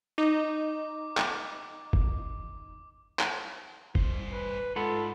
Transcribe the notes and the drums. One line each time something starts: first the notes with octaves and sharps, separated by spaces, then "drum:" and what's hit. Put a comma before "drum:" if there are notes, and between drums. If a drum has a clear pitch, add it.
D#4 D6
drum: clap
drum: kick
drum: clap
G2 C5, drum: kick
B4
G#2 F4 A4 F#5 B5